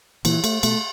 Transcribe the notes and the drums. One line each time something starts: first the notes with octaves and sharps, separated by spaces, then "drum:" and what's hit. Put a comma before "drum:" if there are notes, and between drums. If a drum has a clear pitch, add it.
A#2 E3, drum: cymbal
A3, drum: cymbal
B2 A3, drum: cymbal